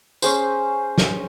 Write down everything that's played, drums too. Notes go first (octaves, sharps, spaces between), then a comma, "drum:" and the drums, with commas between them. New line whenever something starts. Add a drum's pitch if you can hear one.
C#4 G#4 C5, drum: tambourine
drum: snare